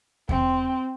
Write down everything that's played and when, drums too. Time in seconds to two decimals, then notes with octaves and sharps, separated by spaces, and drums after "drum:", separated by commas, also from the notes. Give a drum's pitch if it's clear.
0.29 C4, drum: kick E2